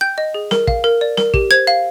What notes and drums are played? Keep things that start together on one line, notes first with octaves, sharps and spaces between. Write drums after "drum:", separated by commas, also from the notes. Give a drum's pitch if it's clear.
G5 G6
D#5
G#4
A#4, drum: snare
F5, drum: kick
A#4
D5
A#4, drum: snare
G4, drum: kick
C5 G#6
F5